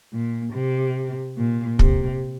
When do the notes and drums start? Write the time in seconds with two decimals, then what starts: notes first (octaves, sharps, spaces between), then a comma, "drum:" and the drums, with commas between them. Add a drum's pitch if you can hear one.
0.13 A#2
0.54 C3
1.37 A#2
1.79 C3, drum: kick